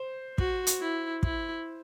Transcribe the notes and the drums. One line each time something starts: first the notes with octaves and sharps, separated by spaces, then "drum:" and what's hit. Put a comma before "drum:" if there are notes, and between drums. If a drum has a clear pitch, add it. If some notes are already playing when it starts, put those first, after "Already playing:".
Already playing: C5
F#4, drum: kick
drum: hi-hat
E4
E4, drum: kick